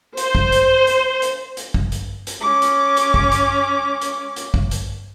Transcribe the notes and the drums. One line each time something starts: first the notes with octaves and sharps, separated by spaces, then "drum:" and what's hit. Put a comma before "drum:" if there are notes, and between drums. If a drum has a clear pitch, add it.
C5, drum: hi-hat
drum: kick
drum: hi-hat
drum: hi-hat
drum: hi-hat
drum: hi-hat
drum: kick
drum: hi-hat
drum: hi-hat
C#4 D6
drum: hi-hat
drum: hi-hat
drum: kick
drum: hi-hat
drum: hi-hat
drum: hi-hat
drum: kick
drum: hi-hat